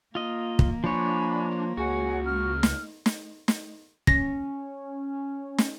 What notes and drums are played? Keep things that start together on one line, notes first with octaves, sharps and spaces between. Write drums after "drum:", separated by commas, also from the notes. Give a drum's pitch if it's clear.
A#3 F4 D#5
drum: kick
F3 D4 C#5 G#5 B5
C#2 F#4 G#4 C#5 F#5
F6
drum: snare
drum: snare
drum: snare
C#4 A#6, drum: kick
drum: snare